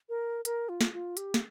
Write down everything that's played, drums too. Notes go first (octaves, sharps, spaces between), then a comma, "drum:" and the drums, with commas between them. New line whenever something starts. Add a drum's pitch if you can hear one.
A#4
A#4, drum: hi-hat
F4
drum: snare
F4
G4, drum: hi-hat
drum: snare